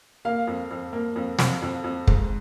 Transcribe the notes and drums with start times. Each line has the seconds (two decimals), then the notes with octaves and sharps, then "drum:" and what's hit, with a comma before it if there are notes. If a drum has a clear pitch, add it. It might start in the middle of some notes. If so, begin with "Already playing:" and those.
0.25 A#3 F5
0.47 F2
0.71 F2
0.93 A#3
1.16 F2
1.39 F2, drum: snare
1.62 F2
1.84 F2
2.07 G#2, drum: kick